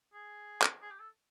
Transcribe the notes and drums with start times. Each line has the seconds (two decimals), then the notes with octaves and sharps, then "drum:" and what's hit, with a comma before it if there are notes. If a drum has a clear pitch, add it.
0.14 G#4
0.62 drum: clap
0.82 G#4
0.91 G4
1.00 A4